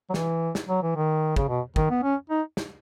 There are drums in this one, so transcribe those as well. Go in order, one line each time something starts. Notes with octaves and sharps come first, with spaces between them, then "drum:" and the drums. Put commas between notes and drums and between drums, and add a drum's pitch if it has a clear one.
F#3
E3, drum: snare
drum: snare
F#3
E3
D#3
C#3, drum: kick
B2
D#3, drum: kick
B3
C#4
D#4
drum: snare